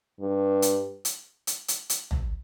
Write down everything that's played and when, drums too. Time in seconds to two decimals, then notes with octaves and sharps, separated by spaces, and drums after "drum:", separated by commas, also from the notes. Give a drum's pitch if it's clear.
0.20 G2
0.62 drum: hi-hat
1.05 drum: hi-hat
1.47 drum: hi-hat
1.68 drum: hi-hat
1.90 drum: hi-hat
2.11 drum: tom